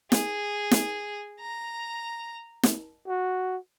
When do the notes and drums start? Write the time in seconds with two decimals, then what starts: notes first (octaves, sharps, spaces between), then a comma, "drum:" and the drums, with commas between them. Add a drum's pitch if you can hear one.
0.12 G#4, drum: snare
0.71 drum: snare
1.41 A#5
2.63 drum: snare
3.08 F#4